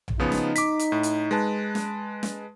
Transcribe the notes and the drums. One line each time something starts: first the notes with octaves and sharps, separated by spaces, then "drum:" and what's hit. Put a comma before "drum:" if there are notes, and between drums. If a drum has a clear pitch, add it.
drum: tom A#1
C#3 F3 B3 D#4
drum: snare
D6 B6, drum: hi-hat
drum: hi-hat
A2
drum: hi-hat
G#3 B4 A5
drum: snare
drum: snare